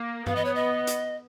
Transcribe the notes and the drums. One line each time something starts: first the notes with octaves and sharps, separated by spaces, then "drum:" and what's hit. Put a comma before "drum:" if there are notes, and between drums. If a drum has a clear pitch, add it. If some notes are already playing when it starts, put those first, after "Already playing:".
Already playing: A#3
B3 F5, drum: tom G2
D#5
C#5
D#5
drum: hi-hat